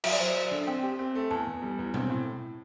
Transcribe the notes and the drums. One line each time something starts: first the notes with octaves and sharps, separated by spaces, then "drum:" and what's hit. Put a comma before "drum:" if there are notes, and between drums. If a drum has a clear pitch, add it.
F#3 E5, drum: cymbal
D5
F#3 C5
D5
F#3
D3
C4 G5
G4
C4
A3
E2 A5
E2
G3
E2
C4, drum: tom B2
A2